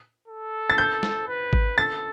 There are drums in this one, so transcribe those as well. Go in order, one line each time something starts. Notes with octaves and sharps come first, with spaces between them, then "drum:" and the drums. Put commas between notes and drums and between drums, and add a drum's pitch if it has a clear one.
A4
A6
G6
drum: snare
B4
drum: kick G#1
A4 A6